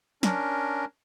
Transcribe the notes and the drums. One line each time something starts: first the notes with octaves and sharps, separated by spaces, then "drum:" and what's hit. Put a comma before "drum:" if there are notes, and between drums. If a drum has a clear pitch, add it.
C#4 D4 A#4, drum: snare